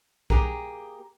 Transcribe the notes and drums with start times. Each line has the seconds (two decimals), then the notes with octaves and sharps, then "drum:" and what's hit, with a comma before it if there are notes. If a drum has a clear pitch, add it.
0.30 A#3 G4 G#4 A#4, drum: kick B1